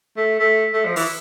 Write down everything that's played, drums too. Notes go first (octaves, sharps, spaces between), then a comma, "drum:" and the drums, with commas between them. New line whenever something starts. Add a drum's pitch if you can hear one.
A3
A3
A3
F3
E3, drum: open hi-hat